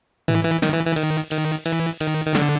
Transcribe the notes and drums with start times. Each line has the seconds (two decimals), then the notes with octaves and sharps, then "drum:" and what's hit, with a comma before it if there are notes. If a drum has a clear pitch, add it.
0.28 E3, drum: tom G#2
0.44 E3
0.62 D#3, drum: snare
0.73 E3
0.85 E3
0.96 D#3, drum: cymbal
1.31 D#3, drum: cymbal
1.66 E3, drum: cymbal
2.00 D#3, drum: cymbal
2.26 D#3
2.35 D3, drum: snare